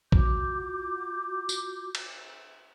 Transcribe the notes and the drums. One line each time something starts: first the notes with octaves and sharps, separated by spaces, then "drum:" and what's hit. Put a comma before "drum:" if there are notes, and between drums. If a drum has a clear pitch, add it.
F4 F#4 D6 G6, drum: kick A#1
drum: tambourine
drum: cymbal